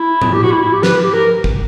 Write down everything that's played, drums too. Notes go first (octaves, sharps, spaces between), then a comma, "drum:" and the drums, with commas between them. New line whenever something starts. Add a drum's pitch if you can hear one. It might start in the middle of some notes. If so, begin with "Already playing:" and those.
Already playing: E4
drum: tom G#2
G4
F#4
E4
E4
G4
B4, drum: snare
G4
A#4
drum: kick